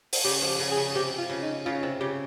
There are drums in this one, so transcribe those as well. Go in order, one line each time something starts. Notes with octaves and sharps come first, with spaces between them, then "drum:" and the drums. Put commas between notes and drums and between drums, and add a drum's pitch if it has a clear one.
drum: open hi-hat
C#3 G4
F3
G4
C#3
G#4
C#3
C3 G4
F4
C#3
D#4
C#3 F4
C3
C#3 G4